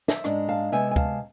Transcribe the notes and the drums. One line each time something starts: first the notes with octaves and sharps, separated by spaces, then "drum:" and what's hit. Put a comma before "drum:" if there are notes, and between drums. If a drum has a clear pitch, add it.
C5 E5, drum: snare
G#2 G#3 D4, drum: rim click
F5 A5
C3 G#3 B3 E5 G#5
G#5
F5 A5, drum: kick